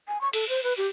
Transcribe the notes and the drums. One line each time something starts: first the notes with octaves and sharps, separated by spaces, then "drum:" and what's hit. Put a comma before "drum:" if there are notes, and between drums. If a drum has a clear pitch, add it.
G#5
C#6
A4, drum: cymbal
C5
B4
G4